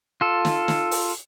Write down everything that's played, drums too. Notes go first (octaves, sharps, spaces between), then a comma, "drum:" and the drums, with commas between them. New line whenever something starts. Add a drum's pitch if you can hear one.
F4 A4
drum: snare
drum: snare
drum: open hi-hat